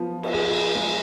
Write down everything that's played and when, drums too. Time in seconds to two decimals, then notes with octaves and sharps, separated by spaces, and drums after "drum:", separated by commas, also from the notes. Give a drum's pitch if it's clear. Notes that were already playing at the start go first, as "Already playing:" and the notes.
Already playing: F3 B3
0.23 drum: cymbal
0.33 G#4
0.75 G#3